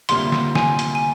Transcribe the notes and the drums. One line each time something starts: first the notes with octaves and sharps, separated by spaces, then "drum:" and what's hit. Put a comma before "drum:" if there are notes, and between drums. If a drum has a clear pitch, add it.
D2 C3 G3 A#3 F4 C6, drum: hi-hat
drum: snare
G#5, drum: snare
drum: hi-hat
G#5